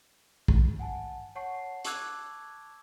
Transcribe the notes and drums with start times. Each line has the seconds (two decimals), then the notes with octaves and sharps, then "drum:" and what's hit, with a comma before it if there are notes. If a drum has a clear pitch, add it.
0.48 drum: kick A#1
0.79 F#5 G#5 A5
1.35 C#5 F#5 A5 C#6 C7
1.85 A5 C#6 D6 E6 F#6 G#6, drum: hi-hat